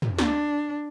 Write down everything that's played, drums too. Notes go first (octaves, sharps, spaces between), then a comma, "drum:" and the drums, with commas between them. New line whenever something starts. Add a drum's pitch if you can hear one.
drum: tom
D4, drum: snare